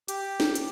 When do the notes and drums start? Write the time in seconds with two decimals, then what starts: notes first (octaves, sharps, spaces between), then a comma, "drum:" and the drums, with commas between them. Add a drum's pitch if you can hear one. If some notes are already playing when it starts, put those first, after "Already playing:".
0.08 G4, drum: hi-hat
0.40 drum: snare
0.55 drum: hi-hat